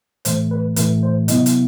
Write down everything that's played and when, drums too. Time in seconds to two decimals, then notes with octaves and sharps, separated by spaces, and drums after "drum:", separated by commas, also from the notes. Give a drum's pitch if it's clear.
0.25 A2 E3 A3 C5, drum: hi-hat
0.51 B4
0.76 A2 E3 A3 B4, drum: hi-hat
1.03 C5
1.28 C3 F#3 B3 E4 D#5, drum: hi-hat
1.46 drum: hi-hat